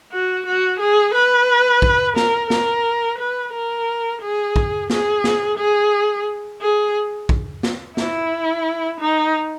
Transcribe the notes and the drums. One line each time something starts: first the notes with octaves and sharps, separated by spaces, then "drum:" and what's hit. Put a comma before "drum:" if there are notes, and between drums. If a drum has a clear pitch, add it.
F#4
F#4
G#4
B4
drum: kick
A#4, drum: snare
A#4, drum: snare
B4
A#4
G#4
drum: kick
G#4, drum: snare
drum: snare
G#4
G#4
drum: kick
drum: snare
E4, drum: snare
D#4